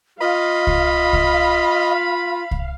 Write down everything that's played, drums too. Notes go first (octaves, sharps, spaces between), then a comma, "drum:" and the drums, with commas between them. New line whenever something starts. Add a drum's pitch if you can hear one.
F4 D#5 F5 B5
drum: kick C2
drum: kick C2
drum: kick C2